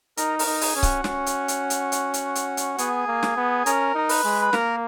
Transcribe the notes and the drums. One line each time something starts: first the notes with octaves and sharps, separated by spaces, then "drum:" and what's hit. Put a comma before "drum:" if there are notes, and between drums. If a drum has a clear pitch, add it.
D#4 A#4 A#5, drum: hi-hat
A#4 A#5, drum: open hi-hat
D#4
G#4 G#5, drum: open hi-hat
C#4
F#4 F#5, drum: kick C#1, hi-hat
C#4, drum: snare
drum: hi-hat
drum: hi-hat
drum: hi-hat
drum: hi-hat
drum: hi-hat
drum: hi-hat
drum: hi-hat
B3 G#4 G#5, drum: hi-hat
A#3
drum: snare
B3
C#4 A#4 A#5, drum: hi-hat
D#4 A#5
B4 B5, drum: open hi-hat
G#3
B5
A#3 A#4 A#5, drum: snare